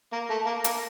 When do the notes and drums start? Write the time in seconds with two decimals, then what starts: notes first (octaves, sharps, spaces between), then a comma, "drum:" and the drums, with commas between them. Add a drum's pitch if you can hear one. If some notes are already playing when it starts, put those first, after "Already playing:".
0.13 A#3
0.30 A3
0.46 A#3
0.64 A#3, drum: hi-hat